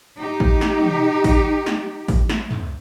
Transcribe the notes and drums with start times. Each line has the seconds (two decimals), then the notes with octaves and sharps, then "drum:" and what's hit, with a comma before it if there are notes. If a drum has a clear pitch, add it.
0.19 D#4 G4
0.40 drum: kick A1
0.61 drum: snare
0.82 drum: tom
1.24 drum: kick A1, open hi-hat
1.66 drum: snare
2.08 drum: kick A1, open hi-hat
2.29 drum: snare
2.50 drum: tom